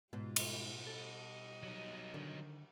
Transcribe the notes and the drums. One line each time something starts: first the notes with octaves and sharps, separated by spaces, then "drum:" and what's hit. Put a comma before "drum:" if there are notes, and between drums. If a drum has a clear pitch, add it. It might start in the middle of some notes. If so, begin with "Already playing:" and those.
G#2 B2 G3 F4
drum: cymbal
G3 A4 D#5
F#3 D#4
D3 D#3